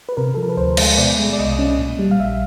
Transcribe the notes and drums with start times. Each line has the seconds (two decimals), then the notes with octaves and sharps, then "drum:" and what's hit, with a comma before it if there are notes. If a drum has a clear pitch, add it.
0.09 B4
0.17 C3 A#4
0.34 F3 A4
0.43 A#4
0.49 B4
0.57 D2 C5
0.77 G#3, drum: cymbal
0.98 B2 D5
1.19 G#3
1.33 D5
1.39 C2 D#5
1.59 C#4
1.79 A#2
1.99 G3
2.11 F5
2.19 A#1 E5